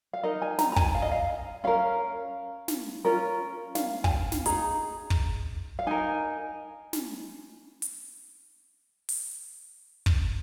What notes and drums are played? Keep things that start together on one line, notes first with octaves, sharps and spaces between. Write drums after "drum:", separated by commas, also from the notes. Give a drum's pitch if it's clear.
F5
D#4 A#4 D#5
G#5
A#5, drum: snare
A#5
G#5, drum: kick
F5
D#5
F5
C#4 A#4 F5
drum: snare
C#4 F4 A#4
F5, drum: snare
G#5, drum: kick
F5
drum: snare
D#4 G#4 A#5, drum: hi-hat
drum: kick
F5
D#4 A#4 G#5
drum: snare
drum: hi-hat
drum: open hi-hat
drum: kick